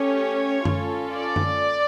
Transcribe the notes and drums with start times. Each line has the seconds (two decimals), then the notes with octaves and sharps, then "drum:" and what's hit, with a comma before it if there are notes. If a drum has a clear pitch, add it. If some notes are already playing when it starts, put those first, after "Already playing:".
Already playing: A3 C#4 G4 C#5
0.65 C#4 F4 A4, drum: tom F#2
1.12 D5
1.36 drum: tom F#2